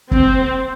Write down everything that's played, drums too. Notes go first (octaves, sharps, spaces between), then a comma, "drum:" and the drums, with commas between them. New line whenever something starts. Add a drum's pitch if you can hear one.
C4, drum: kick